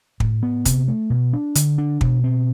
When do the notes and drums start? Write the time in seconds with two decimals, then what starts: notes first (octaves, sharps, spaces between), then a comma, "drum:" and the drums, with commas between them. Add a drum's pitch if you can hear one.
0.20 A2, drum: kick
0.43 B3
0.65 C3, drum: kick, hi-hat
0.88 A3
1.10 B2
1.33 D4
1.55 D3, drum: hi-hat
1.78 D4
2.01 B2, drum: kick
2.24 C4